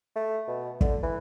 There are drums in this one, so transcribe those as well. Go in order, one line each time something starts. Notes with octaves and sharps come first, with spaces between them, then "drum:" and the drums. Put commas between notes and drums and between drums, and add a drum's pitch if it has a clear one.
A3
B2
D3, drum: kick
E3